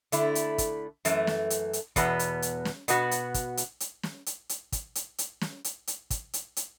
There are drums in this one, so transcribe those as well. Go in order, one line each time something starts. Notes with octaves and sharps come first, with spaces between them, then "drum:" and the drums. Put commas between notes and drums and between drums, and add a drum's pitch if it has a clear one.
D3 A3 E4, drum: hi-hat
drum: hi-hat
drum: kick, hi-hat
F#2 E3 A3, drum: hi-hat
drum: snare
drum: hi-hat
drum: hi-hat
E2 B2 B3, drum: kick, hi-hat
drum: hi-hat
drum: hi-hat
drum: snare
B2 B3 F#4, drum: hi-hat
drum: hi-hat
drum: kick, hi-hat
drum: hi-hat
drum: hi-hat
drum: snare
drum: hi-hat
drum: hi-hat
drum: kick, hi-hat
drum: hi-hat
drum: hi-hat
drum: snare
drum: hi-hat
drum: hi-hat
drum: kick, hi-hat
drum: hi-hat
drum: hi-hat